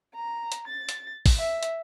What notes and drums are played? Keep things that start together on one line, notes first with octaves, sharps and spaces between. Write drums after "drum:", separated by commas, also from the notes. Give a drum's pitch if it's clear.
A#5
drum: hi-hat
A6
drum: hi-hat
drum: kick, open hi-hat
E5
drum: hi-hat